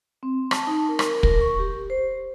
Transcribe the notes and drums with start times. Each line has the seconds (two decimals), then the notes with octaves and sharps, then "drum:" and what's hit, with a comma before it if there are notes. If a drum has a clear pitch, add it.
0.23 C4
0.51 A5, drum: rim click
0.67 D#4
0.89 A#4
0.99 drum: rim click
1.23 A#4, drum: kick
1.41 C#6
1.59 G4
1.90 C5